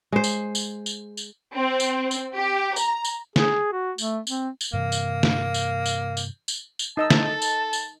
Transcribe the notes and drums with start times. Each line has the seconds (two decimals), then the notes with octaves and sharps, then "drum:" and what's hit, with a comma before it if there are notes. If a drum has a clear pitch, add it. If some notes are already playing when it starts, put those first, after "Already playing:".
0.12 G#3 C5
0.24 drum: tambourine
0.55 drum: tambourine
0.86 drum: tambourine
1.17 drum: tambourine
1.55 C4
1.80 drum: tambourine
2.11 drum: tambourine
2.34 G4
2.76 A#5, drum: tambourine
3.05 drum: tambourine
3.36 G#4, drum: snare
3.72 F#4
3.98 A3, drum: tambourine
4.27 C4, drum: tambourine
4.61 drum: tambourine
4.73 G2 C3 E3 A#3
4.92 drum: tambourine
5.23 drum: snare
5.54 drum: tambourine
5.86 drum: tambourine
6.17 drum: tambourine
6.48 drum: tambourine
6.79 drum: tambourine
6.97 D#4 D#5 A5 E6
7.10 drum: snare
7.25 A4
7.42 drum: tambourine
7.73 drum: tambourine